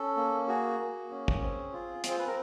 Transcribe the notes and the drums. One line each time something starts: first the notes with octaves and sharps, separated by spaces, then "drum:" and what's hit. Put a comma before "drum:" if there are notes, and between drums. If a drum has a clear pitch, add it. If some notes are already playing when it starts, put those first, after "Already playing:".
Already playing: C#4 A4
A#3
F#4 G#4
A#3
C#4
drum: kick
C4
F4
C4, drum: hi-hat
C5
B4
A#4